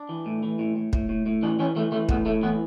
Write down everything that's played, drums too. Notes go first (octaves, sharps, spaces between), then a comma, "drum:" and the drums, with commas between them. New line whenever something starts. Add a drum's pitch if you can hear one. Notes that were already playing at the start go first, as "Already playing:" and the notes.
Already playing: D4
E3
A2
E3
A2
A2
A2, drum: kick
A2
A2
E3 D4
E3 C#4
E3 A3
E3 A3
A2 B3, drum: kick
A2 A3
E3 B3